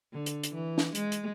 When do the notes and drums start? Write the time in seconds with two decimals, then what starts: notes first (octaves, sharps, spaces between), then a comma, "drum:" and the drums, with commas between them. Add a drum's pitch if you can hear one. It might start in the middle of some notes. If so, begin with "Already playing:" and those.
0.13 D3
0.26 drum: hi-hat
0.43 drum: hi-hat
0.54 E3
0.78 drum: snare
0.95 G#3, drum: hi-hat
1.12 drum: hi-hat